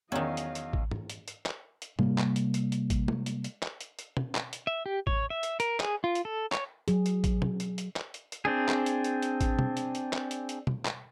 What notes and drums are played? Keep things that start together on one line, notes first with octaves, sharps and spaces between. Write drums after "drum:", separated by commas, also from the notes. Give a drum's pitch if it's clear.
E2 D#3 F#3 C#4 D#5 F5
drum: hi-hat
drum: hi-hat
drum: kick A1
drum: tom
drum: hi-hat
drum: hi-hat
drum: clap
drum: hi-hat
C3 G3 A#3, drum: tom
drum: clap
drum: hi-hat
drum: hi-hat
drum: hi-hat
drum: kick A1, hi-hat
drum: tom G#3
drum: hi-hat
drum: hi-hat
drum: clap
drum: hi-hat
drum: hi-hat
drum: tom
drum: clap
drum: hi-hat
E5
G4
C#5, drum: kick A1
E5
drum: hi-hat
A#4, drum: hi-hat
G#4, drum: clap
F4
drum: hi-hat
A4
C#5, drum: clap
F#3 G#4, drum: hi-hat
drum: hi-hat
drum: kick A1, hi-hat
drum: tom
drum: hi-hat
drum: hi-hat
drum: clap
drum: hi-hat
drum: hi-hat
C4 D4 G#4
drum: clap
drum: hi-hat
drum: hi-hat
drum: hi-hat
drum: kick A1, hi-hat
drum: tom
drum: hi-hat
drum: hi-hat
drum: clap
drum: hi-hat
drum: hi-hat
drum: tom
drum: clap